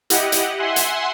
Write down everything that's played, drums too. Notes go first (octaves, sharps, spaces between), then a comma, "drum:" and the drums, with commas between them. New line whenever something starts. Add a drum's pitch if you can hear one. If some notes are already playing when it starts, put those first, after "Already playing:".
E4 G4 D#5 F#5, drum: hi-hat
drum: hi-hat
E5 F#5 G#5 C6
drum: hi-hat